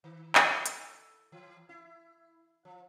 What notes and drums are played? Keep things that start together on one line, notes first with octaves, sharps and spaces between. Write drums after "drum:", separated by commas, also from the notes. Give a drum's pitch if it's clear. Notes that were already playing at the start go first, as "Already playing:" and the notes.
D#3
drum: clap
A4, drum: hi-hat
E3
E4
F3